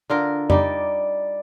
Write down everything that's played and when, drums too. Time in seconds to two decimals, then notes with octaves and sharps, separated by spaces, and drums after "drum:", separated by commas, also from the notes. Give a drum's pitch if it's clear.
0.10 D3 F4 A#4
0.50 G3 D#4 D5, drum: tom F2